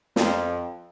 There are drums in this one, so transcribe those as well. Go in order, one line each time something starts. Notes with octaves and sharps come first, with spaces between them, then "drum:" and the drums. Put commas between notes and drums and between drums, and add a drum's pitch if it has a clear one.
F2, drum: snare